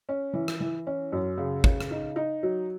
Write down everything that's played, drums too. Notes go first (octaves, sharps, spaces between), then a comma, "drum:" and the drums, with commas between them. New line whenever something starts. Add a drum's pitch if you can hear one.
C#4
E3
drum: rim click
E3
C#4
F#2
C#3
C#3, drum: kick
drum: rim click
D#4
D#4
F#3